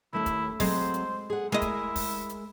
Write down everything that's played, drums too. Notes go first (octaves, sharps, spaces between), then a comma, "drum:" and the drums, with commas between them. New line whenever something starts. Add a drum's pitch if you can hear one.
D#2 A3 C#4 E4
drum: kick, hi-hat
F#3 G#3 C4 F#4 C5, drum: kick, open hi-hat
drum: hi-hat
G#4 F#5
G#3 E4 A#4 D#5 E5
drum: kick, hi-hat
drum: kick, open hi-hat
drum: hi-hat